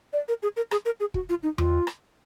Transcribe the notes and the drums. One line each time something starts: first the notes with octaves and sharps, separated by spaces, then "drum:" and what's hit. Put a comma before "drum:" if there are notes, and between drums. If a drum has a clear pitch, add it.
D5
A#4
G#4
A#4
G#4, drum: rim click
A#4
G#4
F#4, drum: kick
F4
D#4
F4, drum: tom E2
drum: rim click